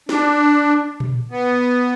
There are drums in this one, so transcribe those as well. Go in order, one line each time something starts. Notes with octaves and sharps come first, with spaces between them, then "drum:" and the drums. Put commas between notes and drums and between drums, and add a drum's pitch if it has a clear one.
D4, drum: snare
drum: tom A#2
B3